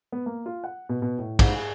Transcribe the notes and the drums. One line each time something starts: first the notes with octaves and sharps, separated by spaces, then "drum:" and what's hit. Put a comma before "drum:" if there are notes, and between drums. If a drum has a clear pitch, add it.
B3
A#3
F4
F#5
B2
B2
A2
G#2, drum: kick, cymbal
G#4